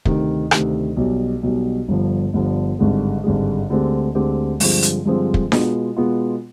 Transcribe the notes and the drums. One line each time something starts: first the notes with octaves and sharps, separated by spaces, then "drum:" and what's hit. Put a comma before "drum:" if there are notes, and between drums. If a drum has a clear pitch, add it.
D2 C3 D#3, drum: kick
D2 C3 D#3, drum: rim click
B1 B2 G3
B1 B2 G3
G1 G2 D3 F3
G1 G2 D3 F3
G#1 G2 D3 G#3
G#1 G2 D3 G#3
D2 D3 G#3 C4 G4
D2 D3 G#3 C4 G4
G2 D3 F3 G#3 C4, drum: open hi-hat
drum: hi-hat
G2 D3 F3 G#3 C4
drum: kick
B2 G#3 B3 F4, drum: snare D4
B2 G#3 B3 F4